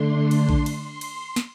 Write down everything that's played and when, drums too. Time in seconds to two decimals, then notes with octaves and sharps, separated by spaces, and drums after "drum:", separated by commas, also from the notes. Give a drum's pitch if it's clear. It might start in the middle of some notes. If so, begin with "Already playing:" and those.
Already playing: D3 A3 D4 C6
0.31 drum: cymbal
0.49 drum: kick A#1
0.66 drum: cymbal
0.84 C6
1.01 drum: cymbal
1.36 drum: snare